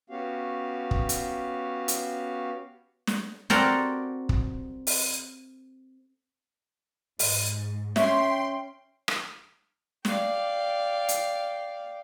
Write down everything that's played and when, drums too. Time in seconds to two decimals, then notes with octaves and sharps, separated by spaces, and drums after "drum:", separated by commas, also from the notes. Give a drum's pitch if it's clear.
0.10 B3 C#4 F#4 G4 F5
0.91 drum: kick
1.09 drum: hi-hat
1.88 drum: hi-hat
3.07 drum: snare
3.50 C4 F#4 G4 A4 A#4 D5, drum: snare
4.29 drum: kick
4.87 drum: open hi-hat
7.19 G#2, drum: open hi-hat
7.96 C#4 C#5 E5 G5 C6, drum: snare
9.08 drum: rim click
10.05 D5 F5 G5, drum: snare
11.09 drum: hi-hat